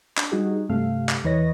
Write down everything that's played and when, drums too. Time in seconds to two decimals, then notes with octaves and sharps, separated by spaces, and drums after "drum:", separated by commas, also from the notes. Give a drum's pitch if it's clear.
0.17 D4, drum: clap
0.32 G3 D#4 F#4 G#4
0.69 G2 C3 A3 F5
1.09 drum: clap
1.24 E2 E3 B4 C#5 D#5 A#6